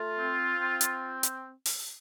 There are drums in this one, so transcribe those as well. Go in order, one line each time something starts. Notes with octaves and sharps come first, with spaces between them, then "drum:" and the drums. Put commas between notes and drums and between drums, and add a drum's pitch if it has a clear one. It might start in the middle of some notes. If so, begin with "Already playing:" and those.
Already playing: A3 F4
C4
C4
drum: hi-hat
drum: hi-hat
drum: open hi-hat